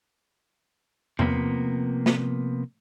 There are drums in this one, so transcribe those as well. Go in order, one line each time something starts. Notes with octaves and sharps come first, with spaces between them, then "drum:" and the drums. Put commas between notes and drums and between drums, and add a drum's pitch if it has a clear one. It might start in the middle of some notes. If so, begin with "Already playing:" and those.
C3 F3 A#3 B3, drum: tom E2
drum: snare